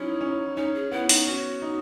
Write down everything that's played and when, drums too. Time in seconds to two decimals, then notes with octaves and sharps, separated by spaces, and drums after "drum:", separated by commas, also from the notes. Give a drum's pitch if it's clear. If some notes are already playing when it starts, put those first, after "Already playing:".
Already playing: F#3 C#4 D#4 E4
0.21 C#4
0.56 C#4 D#4
0.75 G#4
0.91 B3 E4
1.09 D#4, drum: open hi-hat
1.27 C#4 F#4
1.62 D#4